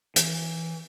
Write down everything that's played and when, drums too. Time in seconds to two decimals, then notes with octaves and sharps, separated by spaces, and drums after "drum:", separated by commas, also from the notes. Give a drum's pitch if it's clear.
0.16 E3, drum: hi-hat